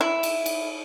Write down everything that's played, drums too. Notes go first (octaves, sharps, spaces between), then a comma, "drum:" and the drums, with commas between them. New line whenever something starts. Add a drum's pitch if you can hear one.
E4
drum: cymbal
drum: cymbal